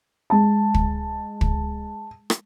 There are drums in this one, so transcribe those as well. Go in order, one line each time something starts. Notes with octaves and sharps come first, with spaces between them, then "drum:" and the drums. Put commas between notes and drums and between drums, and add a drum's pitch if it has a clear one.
G#3 A5
drum: kick
drum: kick
drum: rim click